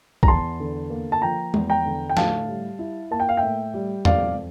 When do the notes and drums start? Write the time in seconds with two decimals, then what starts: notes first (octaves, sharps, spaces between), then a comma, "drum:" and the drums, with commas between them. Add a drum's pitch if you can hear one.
0.23 A#5, drum: kick B1
0.28 E2 A5 C6
0.60 D3
0.90 A#3
1.12 A5
1.22 F3 G5 A#5
1.54 E2, drum: tom G#3
1.69 G5 A#5
1.86 D3
2.10 G5
2.17 A2 F5 A5, drum: snare
2.49 G3
2.79 E4
3.11 A#3 A5
3.20 G5
3.29 F5
3.37 A2 E5 G5
3.74 G3
4.05 F2 D5 F5, drum: tom E2